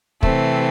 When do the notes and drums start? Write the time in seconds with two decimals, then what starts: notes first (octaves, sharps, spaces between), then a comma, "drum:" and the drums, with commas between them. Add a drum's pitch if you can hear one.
0.23 C3 E3 A3 C4, drum: kick